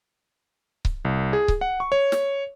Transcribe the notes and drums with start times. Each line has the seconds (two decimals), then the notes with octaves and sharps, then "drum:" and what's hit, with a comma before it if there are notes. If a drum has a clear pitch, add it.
0.85 drum: kick C#1
1.05 C2
1.33 G#4
1.48 drum: kick C#1
1.61 F#5
1.80 C#6
1.92 C#5
2.12 drum: snare